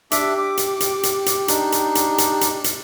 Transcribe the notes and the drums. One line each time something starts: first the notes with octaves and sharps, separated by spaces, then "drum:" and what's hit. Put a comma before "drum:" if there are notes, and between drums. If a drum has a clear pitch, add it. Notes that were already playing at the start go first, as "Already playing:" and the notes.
D4 G4 E5 D6, drum: hi-hat
D6
drum: hi-hat
drum: hi-hat
drum: hi-hat
drum: hi-hat
D4 D#4, drum: hi-hat
drum: hi-hat
drum: hi-hat
drum: hi-hat
drum: hi-hat
drum: hi-hat